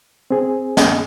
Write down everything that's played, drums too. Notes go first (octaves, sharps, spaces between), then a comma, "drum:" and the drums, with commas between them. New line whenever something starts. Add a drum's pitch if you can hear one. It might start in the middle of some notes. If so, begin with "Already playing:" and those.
C4 G#4
drum: snare